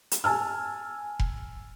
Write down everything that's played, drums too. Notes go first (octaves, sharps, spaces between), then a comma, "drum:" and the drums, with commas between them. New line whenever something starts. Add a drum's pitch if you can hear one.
drum: hi-hat
G#5 A5 E6 F6
drum: kick F1